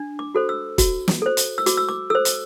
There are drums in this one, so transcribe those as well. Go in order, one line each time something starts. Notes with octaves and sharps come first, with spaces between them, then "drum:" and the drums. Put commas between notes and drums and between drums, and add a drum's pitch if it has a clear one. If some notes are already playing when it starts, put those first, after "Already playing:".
Already playing: D4
D6
F#4 A4 C5
E6
F#4, drum: kick, hi-hat
drum: snare
A4 C5
drum: hi-hat
E6
F#4 D6, drum: hi-hat
E6
D6
A4 C5 E6
drum: hi-hat